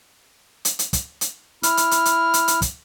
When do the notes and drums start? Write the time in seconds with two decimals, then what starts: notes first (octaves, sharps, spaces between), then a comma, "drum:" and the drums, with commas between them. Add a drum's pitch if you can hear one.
0.65 drum: hi-hat
0.79 drum: hi-hat
0.93 drum: kick, hi-hat
1.21 drum: hi-hat
1.63 E4 F6, drum: hi-hat
1.77 drum: hi-hat
1.91 drum: hi-hat
2.05 drum: hi-hat
2.34 drum: hi-hat
2.48 drum: hi-hat
2.62 drum: kick, hi-hat